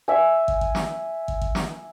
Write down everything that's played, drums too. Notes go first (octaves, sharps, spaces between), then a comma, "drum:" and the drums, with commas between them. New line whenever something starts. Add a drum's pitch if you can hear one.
E5 G#5
drum: kick
drum: kick
drum: snare
drum: kick
drum: kick
drum: snare